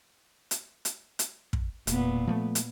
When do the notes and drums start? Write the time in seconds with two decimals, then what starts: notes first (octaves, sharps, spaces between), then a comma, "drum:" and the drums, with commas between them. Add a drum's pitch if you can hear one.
0.51 drum: hi-hat
0.85 drum: hi-hat
1.19 drum: hi-hat
1.53 drum: kick
1.87 E1 A#2 B3, drum: hi-hat
2.27 F3 F#3 A3
2.55 drum: hi-hat